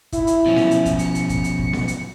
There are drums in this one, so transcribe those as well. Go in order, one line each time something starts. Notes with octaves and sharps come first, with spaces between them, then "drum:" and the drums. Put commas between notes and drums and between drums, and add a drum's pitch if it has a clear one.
E4, drum: kick, hi-hat
drum: hi-hat
B2 F3 C#4
drum: snare B3
drum: hi-hat
drum: kick, hi-hat
C#7, drum: hi-hat
drum: hi-hat
drum: kick, hi-hat
drum: hi-hat
drum: kick
drum: snare B3
drum: hi-hat